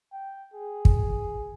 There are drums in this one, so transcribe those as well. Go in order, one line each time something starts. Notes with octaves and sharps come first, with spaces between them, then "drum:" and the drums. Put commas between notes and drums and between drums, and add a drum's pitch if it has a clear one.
G5
G#4
drum: kick